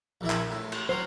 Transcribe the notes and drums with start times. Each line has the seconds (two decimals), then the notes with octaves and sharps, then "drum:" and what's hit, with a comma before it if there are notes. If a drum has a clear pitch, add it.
0.21 A#1 E3 E4
0.30 drum: clap
0.51 A2
0.72 drum: cymbal
0.89 F#3 C#4 C5